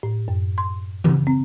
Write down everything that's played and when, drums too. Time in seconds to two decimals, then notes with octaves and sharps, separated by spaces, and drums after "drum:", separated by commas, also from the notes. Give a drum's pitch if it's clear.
0.03 A2
0.28 F#2
0.58 C6
1.04 C#3, drum: tom E3
1.27 C4